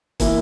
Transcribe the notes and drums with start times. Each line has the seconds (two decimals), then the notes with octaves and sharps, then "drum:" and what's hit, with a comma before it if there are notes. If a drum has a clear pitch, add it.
0.20 E3 A#3 E4, drum: kick, hi-hat